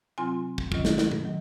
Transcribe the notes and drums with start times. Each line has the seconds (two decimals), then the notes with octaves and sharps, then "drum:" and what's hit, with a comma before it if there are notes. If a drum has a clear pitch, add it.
0.18 C3 F#3 C4 F4 G#5 C6
0.58 drum: kick
0.72 D#3 F#3 C#4 F4, drum: kick
0.85 drum: snare
0.98 drum: snare
1.11 drum: tom A#2
1.25 D#3 F#3